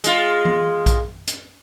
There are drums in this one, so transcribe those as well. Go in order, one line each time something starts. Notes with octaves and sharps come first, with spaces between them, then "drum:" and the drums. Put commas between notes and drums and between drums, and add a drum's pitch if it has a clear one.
G#3 F4, drum: hi-hat
drum: tom E3
drum: kick A#1, hi-hat
drum: hi-hat